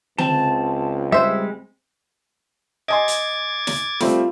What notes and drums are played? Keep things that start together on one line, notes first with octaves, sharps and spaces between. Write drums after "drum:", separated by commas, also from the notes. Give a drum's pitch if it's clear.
C#2 C4 A5, drum: tom D3
G3 G#3 C5 E5
D#5 G#5 C6 D6 G#6 A6
drum: hi-hat
drum: snare
G3 A3 C4 F4, drum: snare